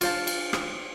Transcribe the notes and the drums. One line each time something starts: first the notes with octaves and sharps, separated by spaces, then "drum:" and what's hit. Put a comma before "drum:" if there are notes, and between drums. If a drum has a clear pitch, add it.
F4 C5 A5, drum: cymbal
drum: cymbal
drum: rim click